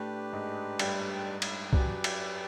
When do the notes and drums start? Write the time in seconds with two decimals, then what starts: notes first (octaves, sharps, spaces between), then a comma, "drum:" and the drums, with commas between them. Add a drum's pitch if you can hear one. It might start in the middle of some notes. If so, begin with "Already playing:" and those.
Already playing: A2 A3 D4 G4 B4
0.33 G#2 G#3
0.79 G2 G3, drum: cymbal
1.42 drum: cymbal
1.73 F#2 F#3 G4 B4 D5, drum: kick
2.04 drum: cymbal